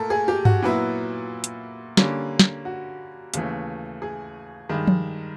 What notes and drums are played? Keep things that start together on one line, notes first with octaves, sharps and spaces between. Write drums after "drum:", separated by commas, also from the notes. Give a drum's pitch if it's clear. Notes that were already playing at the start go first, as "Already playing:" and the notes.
Already playing: A#2 A3 A4 A#4
G#4
G4
F#4, drum: tom G2
A#2 F#3 B3 E4
drum: hi-hat
D3 G3 A#3 C#4, drum: snare
drum: snare
F#4
D#2 C#3 E3 A3, drum: hi-hat
G#4
G2 D#3 G#3
drum: tom F3